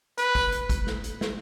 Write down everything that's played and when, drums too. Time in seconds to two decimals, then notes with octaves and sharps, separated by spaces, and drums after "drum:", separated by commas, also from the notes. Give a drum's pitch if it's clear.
0.18 B4, drum: hi-hat
0.35 drum: kick, open hi-hat
0.52 drum: hi-hat
0.69 drum: kick, hi-hat
0.87 drum: snare
1.04 drum: hi-hat
1.21 drum: snare